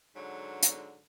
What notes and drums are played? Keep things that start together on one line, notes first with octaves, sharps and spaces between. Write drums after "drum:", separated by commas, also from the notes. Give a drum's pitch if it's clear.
G#2 D3 F#3
drum: hi-hat